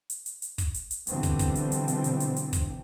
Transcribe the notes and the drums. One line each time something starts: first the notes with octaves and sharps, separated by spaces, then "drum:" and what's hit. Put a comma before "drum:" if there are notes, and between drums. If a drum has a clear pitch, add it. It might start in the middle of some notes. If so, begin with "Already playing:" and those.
drum: hi-hat
drum: hi-hat
drum: hi-hat
drum: kick, hi-hat
drum: hi-hat
drum: hi-hat
B2 D3 E3 G3 C4, drum: hi-hat
drum: kick, hi-hat
drum: kick, hi-hat
drum: hi-hat
drum: hi-hat
drum: hi-hat
drum: hi-hat
drum: hi-hat
drum: hi-hat
drum: kick, hi-hat